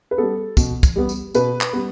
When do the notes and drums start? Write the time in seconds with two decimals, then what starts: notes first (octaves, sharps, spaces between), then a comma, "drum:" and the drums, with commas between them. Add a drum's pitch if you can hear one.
0.11 B4
0.18 G3 B3 A4
0.57 B2, drum: kick, tambourine
0.83 drum: kick, tambourine
0.96 G3 B3
1.09 drum: tambourine
1.34 B2 B4, drum: tambourine
1.61 drum: clap
1.73 G3 B3